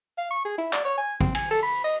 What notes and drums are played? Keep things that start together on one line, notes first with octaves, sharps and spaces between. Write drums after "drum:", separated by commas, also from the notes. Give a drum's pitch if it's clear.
F5
C#6
G#4
E4
D5, drum: clap
C#5
G#5
C4, drum: kick A1
G#5, drum: cymbal
A4
B5
D#5